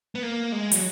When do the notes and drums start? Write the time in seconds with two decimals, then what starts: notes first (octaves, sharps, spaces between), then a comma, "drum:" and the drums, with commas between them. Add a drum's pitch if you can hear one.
0.15 B3
0.23 A#3
0.52 G#3
0.72 F#3, drum: hi-hat